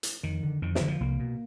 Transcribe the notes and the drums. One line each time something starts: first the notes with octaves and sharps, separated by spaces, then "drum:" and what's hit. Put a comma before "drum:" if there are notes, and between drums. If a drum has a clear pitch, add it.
drum: hi-hat
F2 D#3
D3
F2 D#3
E3, drum: snare
D3
F3
C2 A#3
B2